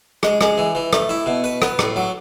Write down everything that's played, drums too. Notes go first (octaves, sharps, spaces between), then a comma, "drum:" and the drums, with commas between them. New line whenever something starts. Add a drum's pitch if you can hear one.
G#3, drum: rim click
G#3, drum: rim click
E3
E3
A3, drum: rim click
E4
B2
B4
B3, drum: rim click
A2, drum: rim click
F#3